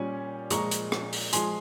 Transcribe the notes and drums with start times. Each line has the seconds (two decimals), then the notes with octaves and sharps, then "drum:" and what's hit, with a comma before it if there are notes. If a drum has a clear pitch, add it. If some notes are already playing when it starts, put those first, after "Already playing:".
Already playing: A#2 G3 C#4 G#5
0.50 A#2 F3 G#3 A#5 C#6, drum: hi-hat
0.71 drum: hi-hat
0.92 drum: rim click
1.13 drum: open hi-hat
1.33 F3 G#3 G#5 C6, drum: hi-hat